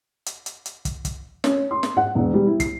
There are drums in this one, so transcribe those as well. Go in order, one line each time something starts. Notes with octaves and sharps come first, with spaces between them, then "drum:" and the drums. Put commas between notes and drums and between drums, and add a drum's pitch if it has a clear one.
drum: hi-hat
drum: hi-hat
drum: hi-hat
drum: kick, hi-hat
drum: kick, hi-hat
C#4, drum: snare
C6
drum: snare
F#5
E1
G3
E4
C7, drum: kick, hi-hat